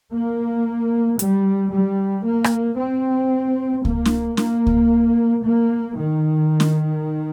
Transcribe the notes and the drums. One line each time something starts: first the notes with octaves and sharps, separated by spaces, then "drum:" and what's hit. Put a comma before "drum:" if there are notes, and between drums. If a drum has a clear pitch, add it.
A#3
G3, drum: hi-hat
G3
A#3
drum: rim click
C4
A#3, drum: kick C#2
drum: snare
A#3, drum: snare
drum: kick C#2
A#3
D#3
drum: snare